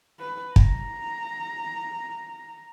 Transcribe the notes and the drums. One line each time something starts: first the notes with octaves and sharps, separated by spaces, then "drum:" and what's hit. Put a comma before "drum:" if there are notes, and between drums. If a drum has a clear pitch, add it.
B4
A#5, drum: kick